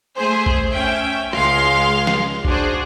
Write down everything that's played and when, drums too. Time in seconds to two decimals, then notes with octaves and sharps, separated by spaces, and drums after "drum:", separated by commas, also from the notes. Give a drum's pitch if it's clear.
0.17 A3 G#4 C5
0.46 drum: kick A1
0.72 C#4 E5 G5
1.33 C#2 G#3 F5 C6, drum: rim click
2.07 drum: snare
2.45 D4 F#4 G#4 C5, drum: kick A1